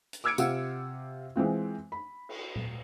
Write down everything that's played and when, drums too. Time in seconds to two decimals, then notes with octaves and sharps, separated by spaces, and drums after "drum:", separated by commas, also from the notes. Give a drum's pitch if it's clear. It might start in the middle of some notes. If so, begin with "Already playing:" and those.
0.13 drum: hi-hat
0.24 D6 E6 F6 G#6 C#7 D7
0.38 C3 F4 F#5 E6, drum: tambourine
1.36 E3 G#3 C4 F4
1.92 B5
2.29 drum: cymbal
2.56 drum: tom A#2